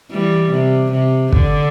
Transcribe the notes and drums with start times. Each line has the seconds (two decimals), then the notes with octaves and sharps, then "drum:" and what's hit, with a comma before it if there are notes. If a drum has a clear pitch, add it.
0.11 E3 G3
0.51 C3
0.92 C3
1.32 D3, drum: kick